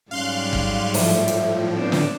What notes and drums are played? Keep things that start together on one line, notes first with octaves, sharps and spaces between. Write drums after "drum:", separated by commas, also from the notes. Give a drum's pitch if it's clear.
G#2 F#3 G3 C#4 F5 C6 F#6
drum: kick
A2 F3 E5, drum: open hi-hat
drum: hi-hat
B3 C4 D4
drum: snare